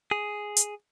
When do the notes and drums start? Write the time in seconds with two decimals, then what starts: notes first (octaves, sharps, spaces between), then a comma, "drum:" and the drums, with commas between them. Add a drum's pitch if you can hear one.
0.11 G#4
0.57 drum: hi-hat